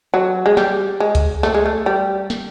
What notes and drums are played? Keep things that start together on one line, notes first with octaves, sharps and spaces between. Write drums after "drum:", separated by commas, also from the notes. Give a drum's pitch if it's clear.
F#3
G#3
G3, drum: snare
G#3
drum: kick C#2, hi-hat
A3, drum: snare
G#3
A3
G3
drum: snare